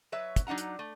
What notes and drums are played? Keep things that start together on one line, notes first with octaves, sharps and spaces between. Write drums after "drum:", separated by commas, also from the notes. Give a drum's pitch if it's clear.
F#3 B4 C#5 E5
drum: kick, hi-hat
F#3 D4 D#4 F#5 A#5
drum: hi-hat
A3